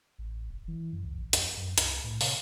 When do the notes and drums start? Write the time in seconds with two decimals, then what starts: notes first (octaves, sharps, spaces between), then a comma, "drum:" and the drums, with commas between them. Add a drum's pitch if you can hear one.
0.19 A1
0.50 F1
0.68 E3
0.93 F#2
1.05 C#2
1.18 A#1
1.33 F2, drum: hi-hat
1.57 F#2
1.78 C2, drum: hi-hat
2.04 A2
2.21 C3, drum: open hi-hat